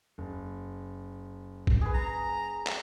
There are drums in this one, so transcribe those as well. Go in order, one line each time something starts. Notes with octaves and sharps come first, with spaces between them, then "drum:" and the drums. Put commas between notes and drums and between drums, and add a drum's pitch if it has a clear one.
F#1
drum: kick
G#4 B4
A#5
drum: clap